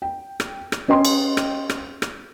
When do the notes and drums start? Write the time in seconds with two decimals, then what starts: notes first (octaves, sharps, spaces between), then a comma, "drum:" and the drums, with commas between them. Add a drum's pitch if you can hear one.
0.02 G5
0.40 drum: rim click
0.72 drum: rim click
0.88 C#4 B4 D#5 G5 C6
1.05 drum: cymbal
1.37 drum: rim click
1.70 drum: rim click
2.02 drum: rim click